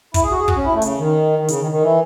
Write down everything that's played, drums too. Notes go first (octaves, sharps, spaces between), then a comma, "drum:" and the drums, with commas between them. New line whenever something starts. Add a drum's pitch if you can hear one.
E4, drum: kick, hi-hat
G#4
F#4
G#4
F#4, drum: kick
C#4
E4
A3
C#3, drum: hi-hat
D#3
D#3
C#3, drum: hi-hat
D#3
D#3
E3